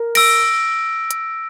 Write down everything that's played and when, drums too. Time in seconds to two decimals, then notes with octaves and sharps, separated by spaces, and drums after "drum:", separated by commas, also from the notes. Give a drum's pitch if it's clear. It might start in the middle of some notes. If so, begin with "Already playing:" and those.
Already playing: A#4
0.15 E6 A#6 D7, drum: cymbal
1.11 drum: hi-hat